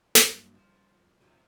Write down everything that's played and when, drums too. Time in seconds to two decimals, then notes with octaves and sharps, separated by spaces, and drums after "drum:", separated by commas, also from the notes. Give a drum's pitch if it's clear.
0.15 G2 F#3 A#3, drum: snare
0.55 F3
1.21 C3 F3 C#4